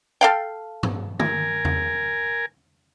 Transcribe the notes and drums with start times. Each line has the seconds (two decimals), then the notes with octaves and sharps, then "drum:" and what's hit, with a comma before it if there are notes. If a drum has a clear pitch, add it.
0.21 A4 F5 G5
0.83 drum: tom G2
1.19 A#4 G#5, drum: tom
1.65 drum: tom E2